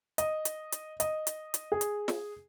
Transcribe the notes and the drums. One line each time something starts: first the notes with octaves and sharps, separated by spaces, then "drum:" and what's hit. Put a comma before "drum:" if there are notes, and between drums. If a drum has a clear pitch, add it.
D#5, drum: hi-hat
drum: hi-hat
drum: hi-hat
D#5, drum: hi-hat
drum: hi-hat
drum: hi-hat
G#4
drum: hi-hat
drum: snare